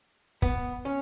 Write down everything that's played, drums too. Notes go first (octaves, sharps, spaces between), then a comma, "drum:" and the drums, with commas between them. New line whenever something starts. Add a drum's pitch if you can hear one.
B3, drum: kick
C#4